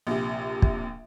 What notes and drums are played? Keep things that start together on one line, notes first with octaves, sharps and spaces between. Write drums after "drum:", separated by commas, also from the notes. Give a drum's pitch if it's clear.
A#1 C3
drum: kick